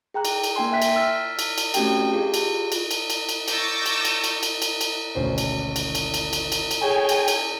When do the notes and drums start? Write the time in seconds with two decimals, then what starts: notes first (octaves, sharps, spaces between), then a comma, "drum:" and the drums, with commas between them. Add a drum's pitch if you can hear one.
0.14 G#4 G5 A#5 F#6
0.25 drum: cymbal
0.44 drum: cymbal
0.56 A#3 D4 G5 G#5 C6
0.72 E5 G5 F#6 B6
0.82 drum: cymbal
0.96 E6 F6 A6 B6
1.39 drum: cymbal
1.58 drum: cymbal
1.74 A3 C4 C#4 F#4 G4 G5, drum: cymbal
2.12 F4 G4 G#4
2.34 drum: cymbal
2.72 drum: cymbal
2.91 drum: cymbal
3.10 drum: cymbal
3.29 drum: cymbal
3.48 C#6 D6 E6 G6 A6 A#6, drum: cymbal
3.86 drum: cymbal
4.05 drum: cymbal
4.24 drum: cymbal
4.43 drum: cymbal
4.62 drum: cymbal
4.81 drum: cymbal
5.15 G#1 D2 B2 C#4 C5
5.38 drum: cymbal
5.76 drum: cymbal
5.95 drum: cymbal
6.14 drum: cymbal
6.33 drum: cymbal
6.52 drum: cymbal
6.71 drum: cymbal
6.81 G#4 A4 C#5 G5 G#5 C#6
7.09 drum: cymbal
7.28 drum: cymbal